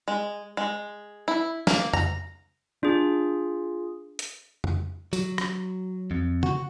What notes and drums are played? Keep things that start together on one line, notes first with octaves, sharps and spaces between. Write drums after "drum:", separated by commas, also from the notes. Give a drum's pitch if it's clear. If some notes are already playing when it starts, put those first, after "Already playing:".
G#3
G#3
E4
A#3, drum: snare
A#5, drum: tom F2
D4 F4 G#4
drum: hi-hat
drum: tom F2
F#3, drum: tambourine
drum: rim click
F2
F#4, drum: tom